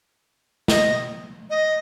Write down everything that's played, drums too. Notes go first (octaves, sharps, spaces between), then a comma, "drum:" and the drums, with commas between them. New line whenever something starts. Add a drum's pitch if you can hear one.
D#5, drum: snare
D#5